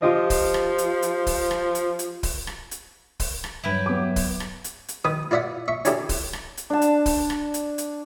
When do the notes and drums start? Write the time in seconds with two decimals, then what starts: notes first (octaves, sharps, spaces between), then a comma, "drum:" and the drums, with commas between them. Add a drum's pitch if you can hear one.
0.02 F3 F4 G4 D#5
0.30 drum: kick, open hi-hat
0.54 drum: rim click
0.78 drum: hi-hat
1.02 drum: hi-hat
1.27 drum: kick, open hi-hat
1.51 drum: rim click
1.75 drum: hi-hat
1.99 drum: hi-hat
2.23 drum: kick, open hi-hat
2.47 drum: rim click
2.71 drum: hi-hat
3.20 drum: kick, open hi-hat
3.44 drum: rim click
3.64 E2 G2 F#3 E4 G4 B4
3.86 B3 D6
4.16 drum: kick, open hi-hat
4.40 drum: rim click
4.64 drum: hi-hat
4.88 drum: hi-hat
5.05 D#3 B4 D#6
5.31 E4 F4 D5 E5 F#5
5.68 E5 C#6
5.85 C#4 D4 E4 G4 A4, drum: hi-hat
6.09 drum: kick, open hi-hat
6.33 drum: rim click
6.57 drum: hi-hat
6.70 D4 A5
6.82 drum: hi-hat
7.06 drum: kick, open hi-hat
7.30 drum: rim click
7.54 drum: hi-hat
7.78 drum: hi-hat